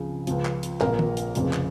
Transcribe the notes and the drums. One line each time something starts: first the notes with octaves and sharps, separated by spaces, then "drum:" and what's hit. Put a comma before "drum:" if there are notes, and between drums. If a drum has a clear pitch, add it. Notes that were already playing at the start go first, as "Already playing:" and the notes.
Already playing: C#2 C#3 F3
C#2 C#3 F3, drum: hi-hat
drum: clap
drum: hi-hat
A#1 A#2 F3 A#4, drum: clap
drum: tom
drum: hi-hat
F1 F2 C#3, drum: hi-hat
drum: clap